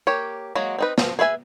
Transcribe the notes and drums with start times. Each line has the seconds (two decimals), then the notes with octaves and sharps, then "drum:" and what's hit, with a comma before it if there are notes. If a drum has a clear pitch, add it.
0.07 A#3 G4 C#5
0.55 F#3 G#3 A#3 F#4
0.78 C4 D#4 B4
0.98 F3, drum: snare
1.19 G#4 B4 E5 G#5